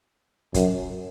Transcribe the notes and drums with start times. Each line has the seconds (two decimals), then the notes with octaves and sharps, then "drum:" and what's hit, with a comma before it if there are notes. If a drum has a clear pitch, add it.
0.54 F#2, drum: kick, hi-hat